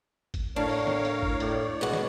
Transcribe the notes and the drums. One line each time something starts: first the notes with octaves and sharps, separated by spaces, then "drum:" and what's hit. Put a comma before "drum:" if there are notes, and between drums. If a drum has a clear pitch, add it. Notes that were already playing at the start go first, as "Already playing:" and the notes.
drum: kick G1, hi-hat
A2 D4 A#4 C#5 F5
drum: open hi-hat
drum: snare
drum: hi-hat
drum: kick G1
A2 C#5 D5, drum: hi-hat
B2 G#3 F#4
drum: snare